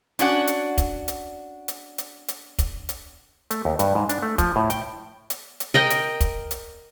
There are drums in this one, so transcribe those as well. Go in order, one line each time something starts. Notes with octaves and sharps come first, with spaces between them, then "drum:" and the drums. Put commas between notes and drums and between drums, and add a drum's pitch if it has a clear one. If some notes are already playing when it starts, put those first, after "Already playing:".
C#4 D4 F#4 F#5, drum: hi-hat
drum: hi-hat
drum: kick, hi-hat
drum: hi-hat
drum: hi-hat
drum: hi-hat
drum: hi-hat
drum: kick, hi-hat
drum: hi-hat
A3, drum: hi-hat
D#2
G2, drum: hi-hat
G#2
D4, drum: hi-hat
A3
F3, drum: kick, hi-hat
A2
G5, drum: hi-hat
drum: hi-hat
drum: hi-hat
A#4 D#5 G5
drum: hi-hat
drum: kick, hi-hat
drum: hi-hat